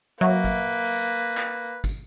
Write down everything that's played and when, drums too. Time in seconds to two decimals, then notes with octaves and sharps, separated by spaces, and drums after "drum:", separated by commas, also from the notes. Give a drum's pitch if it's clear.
0.21 F#3 A#3 B4 E5 F#5 C#6
0.44 drum: kick, tambourine
0.91 drum: tambourine
1.37 drum: clap
1.84 drum: kick, tambourine